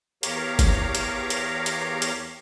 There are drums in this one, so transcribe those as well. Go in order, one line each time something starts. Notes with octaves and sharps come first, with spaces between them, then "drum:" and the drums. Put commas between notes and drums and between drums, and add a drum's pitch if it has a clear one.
E2 G4 A#4 C#5 F5 A#5, drum: hi-hat
drum: kick, hi-hat
drum: hi-hat
drum: hi-hat
drum: hi-hat
drum: hi-hat